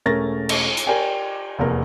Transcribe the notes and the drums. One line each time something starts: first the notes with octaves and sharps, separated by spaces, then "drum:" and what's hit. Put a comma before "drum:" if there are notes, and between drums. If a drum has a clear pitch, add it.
E1 A3 C#4 A#4 A6 A#6
drum: cymbal
drum: hi-hat
G4 A#4 D5 G5 G#5
F1 E2 A#3 A#4